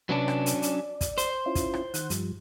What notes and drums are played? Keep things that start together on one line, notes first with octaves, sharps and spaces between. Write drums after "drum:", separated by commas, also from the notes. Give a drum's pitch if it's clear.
C3 F#3 C#4 D4 B4
drum: rim click
drum: hi-hat
D5, drum: hi-hat
drum: kick, hi-hat
C5, drum: hi-hat
C#4 E4 F4
drum: kick, hi-hat
drum: rim click
D#3 F#5, drum: hi-hat
G2 F3 G3, drum: hi-hat